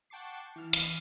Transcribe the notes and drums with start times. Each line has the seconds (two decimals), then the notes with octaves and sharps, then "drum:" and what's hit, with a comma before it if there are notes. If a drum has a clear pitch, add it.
0.10 F#5 G5 A5 C#6 D6 C7
0.56 E3 F6
0.73 drum: hi-hat